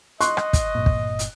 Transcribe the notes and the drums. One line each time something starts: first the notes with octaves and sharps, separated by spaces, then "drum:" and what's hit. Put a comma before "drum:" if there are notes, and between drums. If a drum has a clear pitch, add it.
D#5 C6 C#6 F#6, drum: hi-hat
drum: rim click
drum: kick, hi-hat
G1 A#2
drum: kick
drum: hi-hat